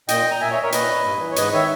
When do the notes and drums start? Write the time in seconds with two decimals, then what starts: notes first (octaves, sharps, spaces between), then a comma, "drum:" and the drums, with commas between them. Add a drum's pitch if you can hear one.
0.08 A#2 D#5 G5, drum: hi-hat
0.31 A#5
0.41 A#2 E5 G#5
0.51 C#5 E5
0.63 A#4 C#5
0.72 A#2 B4 D#5, drum: hi-hat
1.04 G2
1.20 E3
1.31 C#5
1.36 G#2 B4 D#5, drum: hi-hat
1.53 D#3 C#5 E5